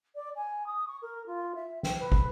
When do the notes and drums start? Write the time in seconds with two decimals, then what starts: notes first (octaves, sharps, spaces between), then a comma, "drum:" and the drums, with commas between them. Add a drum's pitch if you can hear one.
0.15 D5
0.36 G#5
0.67 D#6
0.87 C#6
1.02 A#4
1.27 F4
1.55 E5
1.83 G5, drum: snare
1.99 B4
2.12 drum: kick